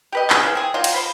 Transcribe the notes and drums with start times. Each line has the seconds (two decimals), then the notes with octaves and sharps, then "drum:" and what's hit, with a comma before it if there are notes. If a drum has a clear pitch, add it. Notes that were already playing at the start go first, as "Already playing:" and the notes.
0.12 G4 B4 D#5
0.30 C#3 D4 G#4 B5, drum: clap
0.43 C#3 E3
0.55 C4 G#4
0.74 D#3 F#3 A#3 F4
0.84 drum: cymbal
0.94 F3 C5 B5